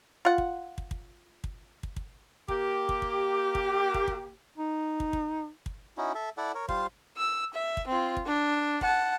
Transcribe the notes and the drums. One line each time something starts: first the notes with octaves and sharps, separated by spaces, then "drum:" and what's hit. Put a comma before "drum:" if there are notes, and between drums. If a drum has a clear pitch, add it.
F4 F#5
drum: kick
drum: kick
drum: kick
drum: kick
drum: kick
drum: kick
A#3 G4, drum: kick
drum: kick
drum: kick
drum: kick
drum: kick
drum: kick
D#4
drum: kick
drum: kick
drum: kick
C#4 D#4 E4 F#4
A4 E5
E4 A4 D5 F#5
A#4 C#5
G3 F4 C5 F5, drum: kick
E6
E5
drum: kick
C4 F4
drum: kick
D4
F#5 A5, drum: kick